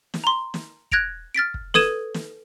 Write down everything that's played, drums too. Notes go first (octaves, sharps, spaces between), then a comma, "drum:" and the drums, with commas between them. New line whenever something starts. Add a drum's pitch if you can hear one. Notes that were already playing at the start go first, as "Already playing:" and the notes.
drum: snare
A#5 C6
drum: snare
F#6 G#6 A#6 D7 F7, drum: kick
F6 A6 B6 D7
drum: kick
A4 B4 D#6 G#6 D#7 E7, drum: snare
drum: snare